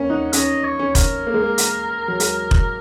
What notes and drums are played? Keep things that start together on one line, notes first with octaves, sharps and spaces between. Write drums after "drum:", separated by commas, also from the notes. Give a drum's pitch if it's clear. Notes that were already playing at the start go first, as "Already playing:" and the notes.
Already playing: A#3 C#4
D#4 F#5
C#4 D#5, drum: hi-hat
C#5
C#4
A#4, drum: kick F1, hi-hat
A#3
G#3
A#3
drum: hi-hat
F#3
G#3, drum: hi-hat
drum: kick F1